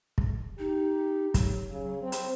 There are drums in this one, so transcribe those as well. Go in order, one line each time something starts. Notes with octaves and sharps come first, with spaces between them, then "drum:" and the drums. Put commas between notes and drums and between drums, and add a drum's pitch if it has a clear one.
drum: kick
D#4 G4
F#3, drum: kick, hi-hat
C#3
C4
drum: hi-hat